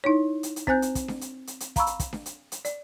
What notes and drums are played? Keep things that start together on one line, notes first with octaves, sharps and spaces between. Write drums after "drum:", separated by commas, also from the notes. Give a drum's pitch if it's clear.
D#4 E4 C#5
drum: hi-hat
drum: hi-hat
C4 C5 G#5 F#6 G6, drum: kick
drum: hi-hat
drum: kick, hi-hat
drum: snare D4
drum: hi-hat
drum: hi-hat
drum: hi-hat
F5 A#5 B5 C#6 E6, drum: kick, hi-hat
drum: hi-hat
drum: kick, hi-hat
drum: snare D4
drum: hi-hat
drum: hi-hat
D5, drum: hi-hat